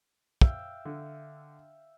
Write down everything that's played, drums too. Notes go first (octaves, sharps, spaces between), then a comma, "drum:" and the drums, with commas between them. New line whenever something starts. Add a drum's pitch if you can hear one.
E5 F5 G5, drum: kick
D3